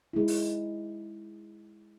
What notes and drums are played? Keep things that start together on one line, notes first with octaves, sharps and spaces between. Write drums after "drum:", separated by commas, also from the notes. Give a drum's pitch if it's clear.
G#3 E4
drum: open hi-hat